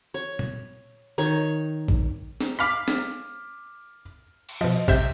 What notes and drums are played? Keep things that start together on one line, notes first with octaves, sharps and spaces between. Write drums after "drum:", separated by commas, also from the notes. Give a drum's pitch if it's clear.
C#5
drum: tom A#2
D#3 C#5
drum: kick A1
drum: snare
F5 B5 D6 F6 B6
drum: snare
drum: cymbal
B2 F3 D#5
C3 E5 G6, drum: kick A1